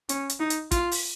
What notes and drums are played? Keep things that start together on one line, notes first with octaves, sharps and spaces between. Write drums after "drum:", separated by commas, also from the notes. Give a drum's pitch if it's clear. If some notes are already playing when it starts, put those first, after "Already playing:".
C#4, drum: hi-hat
drum: hi-hat
D#4
drum: hi-hat
F4, drum: kick, hi-hat
drum: open hi-hat